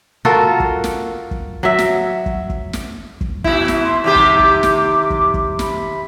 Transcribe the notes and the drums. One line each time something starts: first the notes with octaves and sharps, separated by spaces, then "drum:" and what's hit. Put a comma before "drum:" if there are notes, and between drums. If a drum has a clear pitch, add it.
F4 F#4 A4 A#4
drum: kick
drum: snare
drum: kick
F#3 E5
drum: snare
drum: kick
drum: kick
drum: snare
drum: kick
B2 E4, drum: kick
drum: snare
C6
D#2 C3 G4 D6
drum: kick
drum: kick
drum: snare
drum: kick
drum: kick
B5, drum: snare